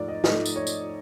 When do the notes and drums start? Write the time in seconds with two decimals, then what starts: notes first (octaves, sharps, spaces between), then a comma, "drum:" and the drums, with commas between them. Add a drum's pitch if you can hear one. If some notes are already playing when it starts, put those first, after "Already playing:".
Already playing: G#2 F3 A3 D5
0.08 D#5
0.24 G#2 F3 A3 D#5, drum: snare
0.46 drum: tambourine
0.56 C#5
0.67 drum: tambourine